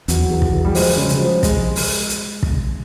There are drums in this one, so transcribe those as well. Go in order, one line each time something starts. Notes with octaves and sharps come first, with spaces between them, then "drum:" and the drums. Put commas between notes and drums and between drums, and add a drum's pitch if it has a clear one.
E2 F#3, drum: hi-hat
E2
drum: kick
E2
G3
F3 G#3, drum: open hi-hat
C#3
drum: hi-hat
F3
G#3, drum: kick, hi-hat
drum: open hi-hat
drum: hi-hat
drum: kick